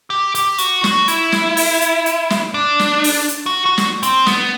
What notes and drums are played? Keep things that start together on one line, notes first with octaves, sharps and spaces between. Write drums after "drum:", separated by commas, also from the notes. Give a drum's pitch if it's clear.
G4
G4, drum: hi-hat
F#4, drum: hi-hat
F#4, drum: snare
E4, drum: hi-hat
drum: snare
drum: open hi-hat
drum: hi-hat
drum: hi-hat
drum: snare
D4
drum: snare
drum: open hi-hat
drum: hi-hat
F#4
F#4
drum: snare
C4, drum: hi-hat
B3, drum: snare